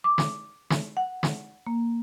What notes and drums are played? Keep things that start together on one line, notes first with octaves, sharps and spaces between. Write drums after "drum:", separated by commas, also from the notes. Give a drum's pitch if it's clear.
D6
drum: snare
drum: snare
F#5
drum: snare
A#3